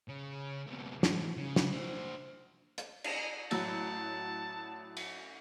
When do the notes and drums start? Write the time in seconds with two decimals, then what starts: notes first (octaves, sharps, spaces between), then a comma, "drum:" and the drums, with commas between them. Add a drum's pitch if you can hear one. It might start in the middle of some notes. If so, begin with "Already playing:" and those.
0.08 C#3
0.67 C#2 B2
1.03 G#2 E3, drum: snare
1.37 C#3
1.56 drum: snare
1.73 D4 C5
2.78 drum: hi-hat
3.04 drum: cymbal
3.51 A2 F#3 A5, drum: cymbal
4.97 drum: cymbal